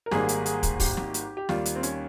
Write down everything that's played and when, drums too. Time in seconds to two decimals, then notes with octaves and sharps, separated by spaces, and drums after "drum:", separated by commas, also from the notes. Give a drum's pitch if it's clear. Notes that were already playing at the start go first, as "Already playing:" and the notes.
0.06 A#4
0.11 G#1 G#2 G3 A#3 G#4, drum: snare
0.29 drum: hi-hat
0.46 G#4, drum: hi-hat
0.63 drum: kick, hi-hat
0.80 G4, drum: kick, open hi-hat
0.97 drum: snare
1.14 drum: hi-hat
1.37 G4
1.49 D#2 D#3 G3 A#3 F4, drum: snare
1.66 drum: hi-hat
1.75 C4
1.83 C#4, drum: hi-hat